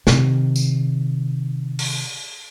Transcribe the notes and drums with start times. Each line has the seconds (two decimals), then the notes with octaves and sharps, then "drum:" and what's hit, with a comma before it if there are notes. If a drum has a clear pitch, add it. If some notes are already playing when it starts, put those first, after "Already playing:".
0.07 C3 D#3, drum: snare
0.56 drum: tambourine
1.79 drum: open hi-hat